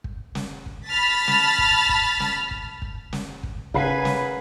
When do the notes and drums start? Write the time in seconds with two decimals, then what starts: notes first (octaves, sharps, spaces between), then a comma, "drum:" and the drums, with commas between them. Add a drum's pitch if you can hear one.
0.04 drum: kick
0.35 drum: snare
0.66 drum: kick
0.89 A5 B5 F6 A6 B6
1.28 drum: snare
1.58 drum: kick
1.89 drum: kick
2.20 drum: snare
2.51 drum: kick
2.82 drum: kick
3.13 drum: snare
3.43 drum: kick
3.74 C#3 A#4 B4 F#5 G#5 A#5 B5 C7, drum: kick
4.05 drum: snare